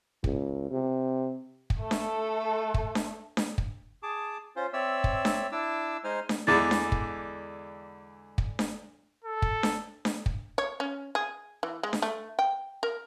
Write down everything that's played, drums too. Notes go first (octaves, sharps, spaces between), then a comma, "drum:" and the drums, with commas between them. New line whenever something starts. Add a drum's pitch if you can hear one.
C#2, drum: kick
C3
drum: kick
A3 A4
drum: snare D4
drum: kick
drum: snare D4
drum: snare D4
drum: kick
G#4 A5 D6
C#4 F4 C5
C4 C#5 D5 E5 E6
drum: kick
drum: snare D4
D4 E4 D6 E6
G#3 D#4 C5 G#5 F6
drum: snare D4
E2 D3 E3 G#3 E4 D6 A6
drum: snare D4
drum: kick
drum: kick
drum: snare D4
A4
drum: kick
drum: snare D4
drum: snare D4
drum: kick
C#5
C#4
G#4
E3
G#3
drum: snare D4
A3
G5
A#4